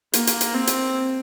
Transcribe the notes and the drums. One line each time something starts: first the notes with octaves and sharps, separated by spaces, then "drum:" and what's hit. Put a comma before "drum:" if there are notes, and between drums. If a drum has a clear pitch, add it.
A#3, drum: hi-hat
drum: hi-hat
drum: hi-hat
C4
drum: hi-hat